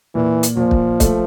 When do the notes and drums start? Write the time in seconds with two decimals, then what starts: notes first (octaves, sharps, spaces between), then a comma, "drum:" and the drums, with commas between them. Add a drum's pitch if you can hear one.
0.15 A#2 E3
0.43 drum: hi-hat
0.57 A#2 F3
0.71 drum: kick
1.00 A3, drum: kick, hi-hat